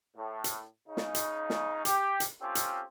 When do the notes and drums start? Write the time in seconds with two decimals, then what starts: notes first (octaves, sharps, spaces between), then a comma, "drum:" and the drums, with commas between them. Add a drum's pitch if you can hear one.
0.16 A2
0.44 drum: hi-hat
0.87 C#3 D#4
0.97 drum: snare
1.15 drum: hi-hat
1.50 drum: snare
1.85 G4, drum: hi-hat
2.20 drum: hi-hat
2.41 A3 C4 C#4 F4 G4
2.55 drum: hi-hat